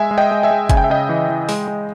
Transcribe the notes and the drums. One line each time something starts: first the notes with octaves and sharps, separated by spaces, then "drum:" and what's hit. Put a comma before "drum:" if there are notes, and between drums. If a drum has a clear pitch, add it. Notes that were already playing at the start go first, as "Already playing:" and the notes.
Already playing: G#3 E5 G#5
G#3
D#5 G5
G#3
E5 G#5
G#3
C#3 G#5, drum: kick G1, hi-hat
G5
E5
C#3 D#5 G5
E3
E3
G#3, drum: open hi-hat
G#3